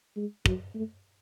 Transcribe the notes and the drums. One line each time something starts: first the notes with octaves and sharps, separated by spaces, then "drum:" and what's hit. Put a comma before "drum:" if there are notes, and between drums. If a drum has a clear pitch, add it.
G#3
F#3, drum: kick
A3